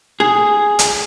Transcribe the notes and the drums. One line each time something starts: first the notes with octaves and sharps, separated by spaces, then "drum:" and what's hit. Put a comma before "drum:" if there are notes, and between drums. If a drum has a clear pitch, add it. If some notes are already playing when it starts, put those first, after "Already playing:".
G#4
drum: hi-hat